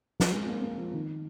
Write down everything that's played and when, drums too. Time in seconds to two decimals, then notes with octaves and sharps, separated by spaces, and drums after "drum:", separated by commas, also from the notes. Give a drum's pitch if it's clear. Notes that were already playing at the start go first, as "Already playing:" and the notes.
0.20 drum: snare
0.31 G#3
0.47 A#3
0.62 A#3
0.78 F3
0.93 D#3